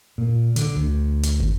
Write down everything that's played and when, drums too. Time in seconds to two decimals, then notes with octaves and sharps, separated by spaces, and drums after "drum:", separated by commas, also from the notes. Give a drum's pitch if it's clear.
0.18 A#2
0.56 D3, drum: hi-hat
0.76 D2
1.23 drum: hi-hat
1.40 drum: kick